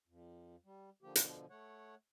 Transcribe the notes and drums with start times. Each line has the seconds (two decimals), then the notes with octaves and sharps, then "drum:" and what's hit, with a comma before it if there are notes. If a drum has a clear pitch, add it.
0.08 F2
0.65 G3
1.02 D3 F3 A#3 G4
1.15 B2 D3 F3, drum: hi-hat
1.50 A3 C#5 F#5